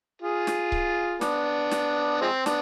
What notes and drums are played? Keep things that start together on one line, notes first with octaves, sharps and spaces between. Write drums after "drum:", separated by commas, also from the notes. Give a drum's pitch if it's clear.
F4 G#4
drum: snare
drum: kick C#1
B3 D4, drum: snare
drum: snare
F3 G#3 C4
B3 D4, drum: snare